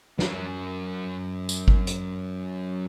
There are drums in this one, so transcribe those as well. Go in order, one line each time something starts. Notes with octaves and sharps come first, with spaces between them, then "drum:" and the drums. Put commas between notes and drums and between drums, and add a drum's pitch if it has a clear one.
F#2 F#3, drum: snare
drum: tambourine
drum: kick G#1
drum: hi-hat